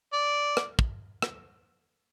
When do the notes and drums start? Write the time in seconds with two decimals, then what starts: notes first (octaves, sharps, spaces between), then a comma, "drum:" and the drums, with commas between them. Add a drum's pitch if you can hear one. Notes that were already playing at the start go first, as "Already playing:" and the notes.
0.13 D5
0.57 drum: rim click
0.79 drum: kick
1.22 drum: rim click